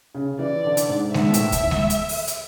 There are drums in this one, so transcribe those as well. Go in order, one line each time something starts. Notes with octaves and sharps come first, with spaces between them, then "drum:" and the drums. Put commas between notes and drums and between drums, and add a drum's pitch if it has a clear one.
C#3
E3 D5
D3
drum: hi-hat
G#2
G#2 E5, drum: snare G#3
B2
A2, drum: hi-hat
drum: kick D2, hi-hat
drum: snare G#3
drum: hi-hat
drum: open hi-hat
drum: hi-hat